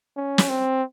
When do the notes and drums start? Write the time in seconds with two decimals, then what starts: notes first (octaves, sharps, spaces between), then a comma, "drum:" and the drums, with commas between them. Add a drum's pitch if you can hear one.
0.17 C#4
0.38 drum: snare
0.49 C4